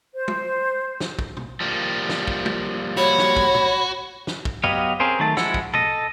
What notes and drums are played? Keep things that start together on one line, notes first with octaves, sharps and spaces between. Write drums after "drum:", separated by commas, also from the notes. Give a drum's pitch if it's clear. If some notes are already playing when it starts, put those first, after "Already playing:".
C5
drum: tom
drum: snare
drum: kick
drum: tom
F3 G3 A#3
drum: snare
drum: kick
drum: tom
F#4 C#5 B5
drum: snare
drum: kick
drum: tom
drum: snare
drum: kick
F#3 B3 G4 D#5 F5, drum: tom F#2
C4 C#4 G#4 A#4 C5
D#3 F#3 A3 A5
F3 G#3 E4 F#5 E6, drum: snare
drum: kick
A4 D#5, drum: tom